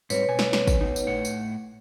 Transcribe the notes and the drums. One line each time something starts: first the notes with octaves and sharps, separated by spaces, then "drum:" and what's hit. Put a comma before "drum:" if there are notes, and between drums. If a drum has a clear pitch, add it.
G#2 G3 C4 B4 C#5, drum: tambourine
B2 G#5
drum: snare
drum: snare
drum: kick, tambourine
B3 D#4
drum: tambourine
A2 F#5
drum: tambourine